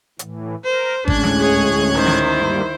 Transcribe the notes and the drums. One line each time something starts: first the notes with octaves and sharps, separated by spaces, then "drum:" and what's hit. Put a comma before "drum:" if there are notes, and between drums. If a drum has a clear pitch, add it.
A2 E3, drum: hi-hat
A#4 C5
D2 A2 G#3 C#4 D4 F#6 G#6, drum: kick
drum: snare
G#4 C#5
D#3 E4 C5
drum: snare
G2 G3 A#3